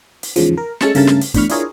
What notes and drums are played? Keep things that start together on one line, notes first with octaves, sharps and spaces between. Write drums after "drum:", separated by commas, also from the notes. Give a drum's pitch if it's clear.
drum: hi-hat
E2 G#2 C#3 F3, drum: hi-hat
A#4
G#3 A3 C#4 A5 E6 C#7, drum: snare
G2 C#3 A3 A#4 A5 A6, drum: hi-hat
drum: snare
drum: hi-hat
E2 A2 D3 B5 C#6 F6, drum: kick, hi-hat
D4 E4 F4 G#4 A#4 C#5, drum: hi-hat